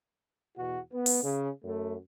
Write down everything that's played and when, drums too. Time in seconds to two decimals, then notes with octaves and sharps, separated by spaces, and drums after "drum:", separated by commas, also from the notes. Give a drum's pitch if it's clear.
0.57 E2 B2 F#4
0.93 B3
1.06 drum: open hi-hat
1.24 C#3
1.64 F#2 A3